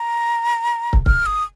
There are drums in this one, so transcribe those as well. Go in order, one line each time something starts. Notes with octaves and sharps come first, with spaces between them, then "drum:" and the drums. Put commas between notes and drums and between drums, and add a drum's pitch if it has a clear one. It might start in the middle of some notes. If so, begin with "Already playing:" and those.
Already playing: A#5
drum: kick
F6, drum: kick
D#6